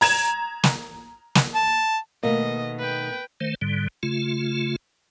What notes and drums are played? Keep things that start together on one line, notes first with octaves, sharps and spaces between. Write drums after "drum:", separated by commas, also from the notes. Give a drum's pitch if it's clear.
A#5 G#6 E7, drum: open hi-hat
drum: snare
drum: snare
A5
B2 D#3 A3 A#3 D#5
B4 G5
D#3 A3 C5
G#2 D3 G3
C#3 A3 F4